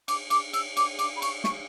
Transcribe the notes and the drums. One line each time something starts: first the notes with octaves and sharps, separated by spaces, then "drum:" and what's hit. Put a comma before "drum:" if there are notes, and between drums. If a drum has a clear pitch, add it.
D6, drum: cymbal
D6, drum: cymbal
E6, drum: cymbal
D6, drum: cymbal
D6, drum: cymbal
B5
C#6, drum: cymbal
C#6, drum: snare